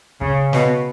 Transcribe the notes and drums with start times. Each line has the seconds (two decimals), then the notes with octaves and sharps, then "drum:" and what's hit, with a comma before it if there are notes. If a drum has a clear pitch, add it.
0.21 C#3, drum: kick
0.53 B2, drum: snare